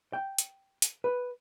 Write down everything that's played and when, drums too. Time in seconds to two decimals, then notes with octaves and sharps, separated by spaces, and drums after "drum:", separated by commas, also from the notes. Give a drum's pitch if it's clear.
0.13 G5
0.38 drum: hi-hat
0.82 drum: hi-hat
1.04 B4